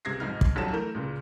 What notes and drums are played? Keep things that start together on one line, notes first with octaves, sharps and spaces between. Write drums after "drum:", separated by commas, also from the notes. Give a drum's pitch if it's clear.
C#2 C3 G#6 A#6 C7
F2 G#2 D#4 F6
drum: kick
D#1 A#1 F2 F#3 A5 E7
E3 A3 A#4 G6
C#2 A#2 C#3